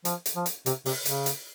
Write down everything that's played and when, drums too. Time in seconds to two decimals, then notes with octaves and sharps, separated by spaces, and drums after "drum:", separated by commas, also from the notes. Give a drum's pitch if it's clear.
0.05 F3, drum: hi-hat
0.26 drum: hi-hat
0.36 F3
0.46 drum: hi-hat
0.66 C3, drum: hi-hat
0.86 C3, drum: open hi-hat
1.05 C#3, drum: hi-hat
1.26 drum: hi-hat